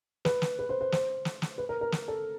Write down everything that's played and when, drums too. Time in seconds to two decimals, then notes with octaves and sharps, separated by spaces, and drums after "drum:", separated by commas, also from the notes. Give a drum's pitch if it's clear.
0.25 B4, drum: snare
0.42 drum: snare
0.59 B4
0.69 C5
0.81 C5
0.92 C5, drum: snare
1.25 drum: snare
1.42 drum: snare
1.58 B4
1.69 A#4
1.81 A#4
1.92 A#4, drum: snare
2.08 A4